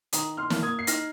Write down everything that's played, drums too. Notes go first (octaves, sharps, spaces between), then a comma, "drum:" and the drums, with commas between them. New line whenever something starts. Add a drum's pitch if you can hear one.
D#3 A#5 D#6, drum: hi-hat
C6 F6
A#3, drum: snare
D#6 G#6
C7
D#4 F6 A#6, drum: hi-hat